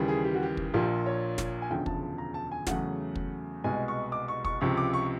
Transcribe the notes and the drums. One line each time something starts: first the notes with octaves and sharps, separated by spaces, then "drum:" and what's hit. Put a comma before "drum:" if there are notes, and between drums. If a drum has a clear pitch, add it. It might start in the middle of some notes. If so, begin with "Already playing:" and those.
Already playing: D#2 C#3 E3 G3
G#4
G4
F#4
G4
drum: kick
A#1 A#2 F3 G4
C#5
drum: snare
G#5
E1 D2 C#3 F3 G5
A5, drum: kick
A5
A#5
A5
G#5
E2 C#3 F#3 A3 F#5, drum: snare
drum: kick
C2 B2 G#3 G#5
C#6
D6
C#6
C#6, drum: kick
C#2 C3 F3 C#6
D6
C#6